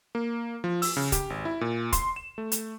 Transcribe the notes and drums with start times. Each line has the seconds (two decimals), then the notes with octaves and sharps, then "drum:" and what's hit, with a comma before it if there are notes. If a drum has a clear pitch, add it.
0.15 A#3
0.64 F3
0.82 E6, drum: open hi-hat
0.97 C#3
1.12 G4, drum: kick, hi-hat
1.30 G#1
1.45 E4
1.61 A#2
1.93 C6, drum: kick, hi-hat
2.16 E7
2.38 A3
2.52 drum: hi-hat